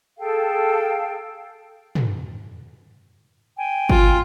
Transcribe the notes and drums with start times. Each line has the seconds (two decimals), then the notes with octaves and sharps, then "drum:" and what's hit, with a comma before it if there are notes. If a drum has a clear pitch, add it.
0.18 G#4 A4 F5 G5
1.95 drum: tom
3.56 G5 G#5
3.90 F4, drum: kick G1